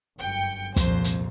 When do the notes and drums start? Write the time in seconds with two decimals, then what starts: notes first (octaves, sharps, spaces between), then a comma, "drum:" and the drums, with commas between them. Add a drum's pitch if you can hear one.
0.18 G1 F#2 G5 C#7
0.76 C2 F2 A#2 C5, drum: kick, hi-hat
1.04 drum: hi-hat